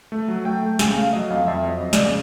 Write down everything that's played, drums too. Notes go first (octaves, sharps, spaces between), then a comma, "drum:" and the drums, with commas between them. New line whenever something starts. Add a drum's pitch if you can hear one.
A3
F#3
A3 G5
A3
C#3 G#5, drum: snare
A3 F5
F#3 D#5
F2 F5
F2 E5
F#3
D#5
F2
C#3 D5, drum: snare